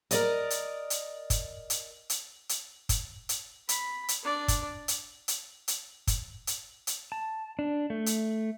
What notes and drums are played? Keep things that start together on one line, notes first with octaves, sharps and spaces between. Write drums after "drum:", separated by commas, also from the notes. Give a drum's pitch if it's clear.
A#4 D5 D#5, drum: hi-hat
drum: hi-hat
drum: hi-hat
drum: kick, hi-hat
drum: hi-hat
drum: hi-hat
drum: hi-hat
drum: kick, hi-hat
drum: hi-hat
B5, drum: hi-hat
drum: hi-hat
D4 D5
drum: kick, hi-hat
drum: hi-hat
drum: hi-hat
drum: hi-hat
drum: kick, hi-hat
drum: hi-hat
drum: hi-hat
A5
D4
A3
drum: hi-hat